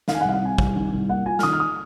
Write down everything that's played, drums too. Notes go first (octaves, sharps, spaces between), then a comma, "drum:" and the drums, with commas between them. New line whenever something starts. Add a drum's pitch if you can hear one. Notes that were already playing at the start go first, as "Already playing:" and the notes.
D#3 F5, drum: snare
G#5
F#5
C2 F5
F#5
C3 G#5
C2, drum: kick
D#3
C2
A#3 F#5
F4 G#5
F6, drum: snare
D#3 D#6
F6
D#6